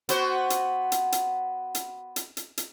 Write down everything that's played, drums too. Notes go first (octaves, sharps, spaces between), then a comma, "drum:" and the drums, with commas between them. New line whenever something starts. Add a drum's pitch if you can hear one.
B3 F#4 C5, drum: hi-hat
drum: hi-hat
drum: hi-hat
drum: hi-hat
drum: hi-hat
drum: hi-hat
drum: hi-hat
drum: hi-hat